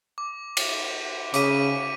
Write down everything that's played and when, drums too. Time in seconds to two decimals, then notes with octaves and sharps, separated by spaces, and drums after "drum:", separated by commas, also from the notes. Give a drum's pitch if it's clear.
0.18 D6
0.57 drum: cymbal
1.34 C#3 D6 B6 D#7, drum: hi-hat